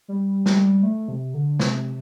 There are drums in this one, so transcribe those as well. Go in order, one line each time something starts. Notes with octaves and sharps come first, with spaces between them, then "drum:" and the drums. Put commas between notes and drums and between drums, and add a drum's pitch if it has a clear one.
G3
G3, drum: snare
A3
C3
D3
C3, drum: snare